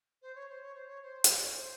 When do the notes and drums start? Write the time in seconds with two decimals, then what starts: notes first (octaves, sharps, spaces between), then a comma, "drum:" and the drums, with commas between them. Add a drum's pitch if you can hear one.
0.22 C5
0.35 C#5
0.49 C5
0.62 C#5
0.75 C5
0.88 C#5
1.02 C5
1.24 drum: hi-hat
1.42 C#5
1.51 C5